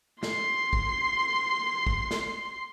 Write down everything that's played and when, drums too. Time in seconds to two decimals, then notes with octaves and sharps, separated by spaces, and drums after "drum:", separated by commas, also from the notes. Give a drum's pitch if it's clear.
0.23 C6 C7, drum: snare
0.73 drum: kick
1.87 drum: kick
2.11 drum: snare